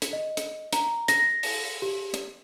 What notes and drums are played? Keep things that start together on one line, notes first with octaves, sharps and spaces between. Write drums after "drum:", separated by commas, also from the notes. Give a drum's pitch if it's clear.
drum: hi-hat
D#5
drum: hi-hat
A#5, drum: hi-hat
A#6, drum: hi-hat
drum: open hi-hat
G4
drum: hi-hat